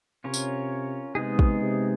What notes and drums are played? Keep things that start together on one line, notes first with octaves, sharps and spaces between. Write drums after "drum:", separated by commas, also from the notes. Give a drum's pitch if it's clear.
C3 C#4 F4 A#4 C#5
drum: tambourine
C3 G#3 B3 D#4 G#4
drum: kick
C3